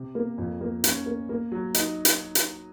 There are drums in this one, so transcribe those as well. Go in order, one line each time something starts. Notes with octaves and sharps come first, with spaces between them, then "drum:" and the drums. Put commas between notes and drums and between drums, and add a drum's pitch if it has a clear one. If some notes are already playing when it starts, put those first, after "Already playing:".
Already playing: C3
A#3
F2
A#3
C#4, drum: hi-hat
A#3
A#3
F#3
D#4, drum: hi-hat
drum: hi-hat
drum: hi-hat